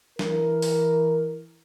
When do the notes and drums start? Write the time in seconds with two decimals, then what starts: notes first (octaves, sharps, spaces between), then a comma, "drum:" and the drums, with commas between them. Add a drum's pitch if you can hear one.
0.19 E3 A#4, drum: snare
0.62 drum: open hi-hat